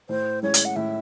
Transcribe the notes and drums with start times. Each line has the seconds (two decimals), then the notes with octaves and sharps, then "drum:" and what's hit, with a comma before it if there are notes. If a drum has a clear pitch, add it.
0.09 A2 C5
0.43 G#3 C#4 E4 C#5
0.54 drum: hi-hat
0.65 F#5
0.76 A2 E5